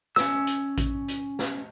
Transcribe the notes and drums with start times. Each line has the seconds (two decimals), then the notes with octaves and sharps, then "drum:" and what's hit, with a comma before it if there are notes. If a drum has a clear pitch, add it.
0.16 C#4 E6, drum: snare
0.47 drum: hi-hat
0.78 drum: kick A1, hi-hat
1.08 drum: hi-hat
1.39 drum: snare